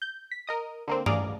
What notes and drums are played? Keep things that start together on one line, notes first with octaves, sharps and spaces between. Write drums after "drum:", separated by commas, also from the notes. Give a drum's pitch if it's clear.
G6
B6
A#4 D#5 D#6
D3 A#3 C4
G#4 D5 F5 A#5 D6, drum: tom G2